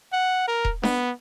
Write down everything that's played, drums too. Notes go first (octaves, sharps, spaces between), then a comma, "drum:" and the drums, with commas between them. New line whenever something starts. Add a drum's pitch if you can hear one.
F#5
A#4
drum: kick D#1
B3, drum: snare D4